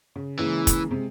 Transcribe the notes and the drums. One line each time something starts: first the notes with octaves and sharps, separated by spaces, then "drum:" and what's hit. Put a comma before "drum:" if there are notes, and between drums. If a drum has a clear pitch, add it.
C#3
C#3 E3 G#3 A#3
drum: kick, hi-hat
C3 G#3